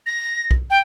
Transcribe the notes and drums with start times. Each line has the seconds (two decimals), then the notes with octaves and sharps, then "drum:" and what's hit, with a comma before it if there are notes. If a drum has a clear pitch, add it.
0.06 A#6
0.51 drum: kick B1
0.70 G5